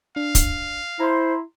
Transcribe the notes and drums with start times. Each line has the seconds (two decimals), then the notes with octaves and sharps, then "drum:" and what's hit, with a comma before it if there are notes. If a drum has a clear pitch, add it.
0.16 D4 F5
0.35 drum: kick, hi-hat
1.00 E4 C5 A#5 C6